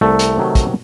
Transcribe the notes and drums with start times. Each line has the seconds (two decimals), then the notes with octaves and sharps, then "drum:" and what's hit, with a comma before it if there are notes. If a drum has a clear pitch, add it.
0.01 C2 A3
0.19 drum: hi-hat
0.37 C3 D#3 F#3
0.55 drum: kick, hi-hat